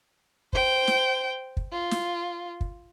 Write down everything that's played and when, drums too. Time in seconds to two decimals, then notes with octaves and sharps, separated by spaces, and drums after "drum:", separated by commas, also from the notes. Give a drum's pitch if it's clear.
0.53 C5 G5, drum: kick
0.87 drum: snare
1.57 drum: kick
1.72 F4
1.91 drum: snare
2.61 drum: kick